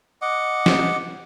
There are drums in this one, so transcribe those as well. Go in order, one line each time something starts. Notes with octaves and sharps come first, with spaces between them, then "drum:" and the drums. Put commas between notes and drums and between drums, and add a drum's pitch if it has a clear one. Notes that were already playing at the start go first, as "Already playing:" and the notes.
D#5 F#5 D6
drum: snare